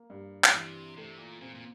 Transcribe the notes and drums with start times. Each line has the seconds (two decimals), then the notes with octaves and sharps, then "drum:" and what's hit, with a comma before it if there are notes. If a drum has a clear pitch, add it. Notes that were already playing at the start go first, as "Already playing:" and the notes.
Already playing: A#3
0.10 G2
0.44 drum: clap
0.53 C3 E3
0.97 C3 A3
1.19 A#2
1.41 A#2 C4
1.55 A#2